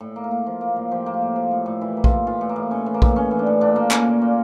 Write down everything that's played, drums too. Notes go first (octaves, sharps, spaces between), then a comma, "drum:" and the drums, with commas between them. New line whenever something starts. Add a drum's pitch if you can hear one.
A2
A#3
A#4
A#3
F3
A#3
A2
F3 G4
A#3
G4
A2
F3
A2
A2
E3 E4
A#3
F4, drum: kick A#1
A2
E3 F4
A2
A#3
A2
A2 C#4
E3
A#3
A2, drum: kick A#1
A2 C#4
E3
D4
A2
A#2 D4
A#2 A#3
A#3 C#4, drum: clap
A#2
A#2